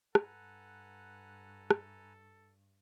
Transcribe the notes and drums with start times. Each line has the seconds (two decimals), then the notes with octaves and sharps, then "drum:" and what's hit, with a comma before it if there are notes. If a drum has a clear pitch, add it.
0.15 G2 A4 B4 F#5 G#5 A#5, drum: rim click
1.71 drum: rim click